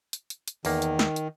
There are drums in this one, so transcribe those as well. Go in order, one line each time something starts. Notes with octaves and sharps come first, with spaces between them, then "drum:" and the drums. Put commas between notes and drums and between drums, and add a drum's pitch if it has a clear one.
drum: hi-hat
drum: hi-hat
drum: hi-hat
E2 D#3 A#3, drum: open hi-hat
drum: hi-hat
drum: snare
drum: hi-hat